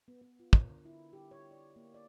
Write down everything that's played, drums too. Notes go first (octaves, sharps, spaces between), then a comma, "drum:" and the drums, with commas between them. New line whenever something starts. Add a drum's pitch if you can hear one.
B3
B3
F4
A#4, drum: kick
D3
E4
G4
C#5
D5
A#3
D5